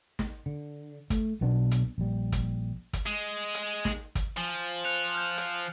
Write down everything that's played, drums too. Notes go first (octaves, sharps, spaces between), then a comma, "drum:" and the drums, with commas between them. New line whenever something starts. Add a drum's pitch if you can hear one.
drum: snare
D3
A3, drum: kick, hi-hat
B1 B2 B3 D4
drum: hi-hat
A#1 G3
drum: kick, hi-hat
drum: kick, hi-hat
G#3
drum: hi-hat
drum: snare
drum: kick, hi-hat
F3 G#5
F#6 C#7 F7
F6 G6
drum: hi-hat